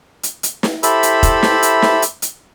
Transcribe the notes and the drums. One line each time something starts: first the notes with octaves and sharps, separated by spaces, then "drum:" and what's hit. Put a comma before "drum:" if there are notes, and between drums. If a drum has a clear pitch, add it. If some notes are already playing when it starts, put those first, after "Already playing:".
drum: hi-hat
drum: hi-hat
drum: snare
E4 G4 A4 C5 E5 B5, drum: hi-hat
drum: hi-hat
drum: kick F1, hi-hat
drum: snare
drum: hi-hat
drum: snare
drum: hi-hat
drum: hi-hat